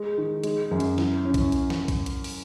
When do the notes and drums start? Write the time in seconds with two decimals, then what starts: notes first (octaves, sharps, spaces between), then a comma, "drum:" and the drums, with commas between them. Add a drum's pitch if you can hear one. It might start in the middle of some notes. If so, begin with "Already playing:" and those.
Already playing: G#3
0.18 D#3
0.44 G#3, drum: hi-hat
0.71 F#2
0.80 drum: hi-hat
0.98 E4, drum: snare
1.25 C#4
1.34 drum: kick, hi-hat
1.52 drum: hi-hat
1.70 drum: snare
1.88 drum: kick, hi-hat
2.06 drum: hi-hat
2.24 drum: open hi-hat